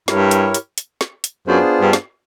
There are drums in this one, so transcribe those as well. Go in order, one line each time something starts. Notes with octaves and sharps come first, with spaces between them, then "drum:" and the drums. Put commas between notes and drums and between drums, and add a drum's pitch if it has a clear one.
G2 E4 G4 A#4 C#5, drum: snare
drum: hi-hat
drum: hi-hat
drum: hi-hat
drum: snare
drum: hi-hat
F#2 B3 D4 F4 G#4 C5
G2
drum: snare